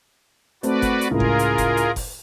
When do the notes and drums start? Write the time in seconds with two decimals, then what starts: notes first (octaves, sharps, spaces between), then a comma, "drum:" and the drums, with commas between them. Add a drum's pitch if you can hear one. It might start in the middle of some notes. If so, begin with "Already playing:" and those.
0.63 A3 C4 F#4 B4 D5, drum: hi-hat
0.82 drum: kick F#1, hi-hat
1.01 drum: hi-hat
1.11 C#2 A2 F4 G#4 A#4
1.20 drum: kick F#1
1.39 drum: hi-hat
1.58 drum: kick F#1, hi-hat
1.77 drum: hi-hat
1.96 drum: kick F#1, open hi-hat